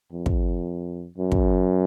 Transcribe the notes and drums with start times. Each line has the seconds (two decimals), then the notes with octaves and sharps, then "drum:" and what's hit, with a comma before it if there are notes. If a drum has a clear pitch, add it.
0.12 F2
0.26 drum: kick
1.18 F#2
1.32 drum: kick